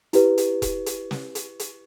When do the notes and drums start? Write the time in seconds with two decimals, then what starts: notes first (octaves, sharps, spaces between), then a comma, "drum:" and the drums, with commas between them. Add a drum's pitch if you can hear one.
0.13 E4 G4 B4, drum: hi-hat
0.38 drum: hi-hat
0.62 drum: kick E1, hi-hat
0.86 drum: hi-hat
1.11 drum: snare
1.35 drum: hi-hat
1.59 drum: hi-hat